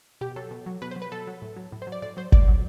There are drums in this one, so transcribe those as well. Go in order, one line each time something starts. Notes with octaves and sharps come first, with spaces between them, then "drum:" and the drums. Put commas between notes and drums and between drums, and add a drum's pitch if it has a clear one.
B2 G4
F#3 A4
B2
F#3
B2 B4
C5
F#3
B4
B2 A4
F#3
A2
F#3
A2
C5
F#3
D5
A2 D5
F#3 C5
A2 D5, drum: kick G#1
F#3